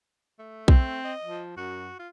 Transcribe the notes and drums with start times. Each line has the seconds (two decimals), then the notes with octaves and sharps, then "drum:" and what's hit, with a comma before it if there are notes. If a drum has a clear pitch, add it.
0.39 A3
0.68 C4, drum: kick B1
1.04 D#5
1.24 F3
1.57 F#2 F#4
1.99 F4